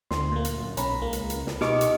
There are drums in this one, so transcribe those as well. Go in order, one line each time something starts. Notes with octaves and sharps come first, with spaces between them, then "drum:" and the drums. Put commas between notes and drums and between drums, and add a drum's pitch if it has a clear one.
D2 C6, drum: snare
A#2 A#3
drum: hi-hat
F#2
B1 C#4 A#5 B5, drum: hi-hat
C#2 A#3
drum: hi-hat
drum: hi-hat
drum: snare
B2 D#4 G4 D#5 C#6 D6 F6, drum: snare
drum: hi-hat